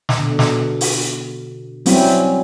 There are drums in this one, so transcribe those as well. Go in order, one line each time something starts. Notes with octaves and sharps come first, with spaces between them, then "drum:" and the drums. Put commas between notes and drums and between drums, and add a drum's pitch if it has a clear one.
drum: snare
B2 D3
drum: snare
drum: open hi-hat
F#3 G3 C4 C#4 E4, drum: open hi-hat